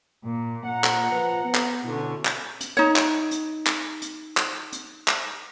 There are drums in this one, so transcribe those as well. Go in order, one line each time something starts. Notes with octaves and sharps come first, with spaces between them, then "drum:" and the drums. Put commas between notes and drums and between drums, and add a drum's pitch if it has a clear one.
A#2
A#2 F#5 A#5
drum: clap
F3 B4
B3
drum: clap
B2 D3 C#4 E4
drum: clap
drum: hi-hat
D#4 C#5
drum: clap
drum: hi-hat
drum: clap
drum: hi-hat
drum: clap
drum: hi-hat
drum: clap